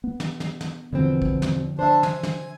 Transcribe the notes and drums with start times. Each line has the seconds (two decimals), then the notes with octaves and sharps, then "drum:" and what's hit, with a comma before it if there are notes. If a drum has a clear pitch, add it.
0.04 B3
0.20 drum: snare
0.40 drum: snare
0.61 drum: snare
0.92 E2 B2 D3 F3 C4
1.22 drum: kick
1.42 drum: snare
1.79 D4 C5 E5
2.03 G#5, drum: snare
2.23 drum: snare